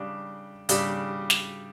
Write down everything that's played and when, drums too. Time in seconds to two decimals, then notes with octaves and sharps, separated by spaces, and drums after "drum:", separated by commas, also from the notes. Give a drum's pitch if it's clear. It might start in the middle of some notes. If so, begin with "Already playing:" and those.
Already playing: C#3 G3 D4 G4
0.69 C#3 G3 D4 G4, drum: hi-hat
1.30 drum: snare